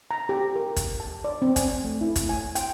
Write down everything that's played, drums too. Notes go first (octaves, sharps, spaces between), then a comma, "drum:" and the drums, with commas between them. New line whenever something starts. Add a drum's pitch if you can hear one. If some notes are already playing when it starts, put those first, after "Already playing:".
A#5
G4
A#4
drum: kick, hi-hat
A5
D5
C4
G#5, drum: kick, hi-hat
A3
E4
drum: kick, hi-hat
G#5
G5, drum: hi-hat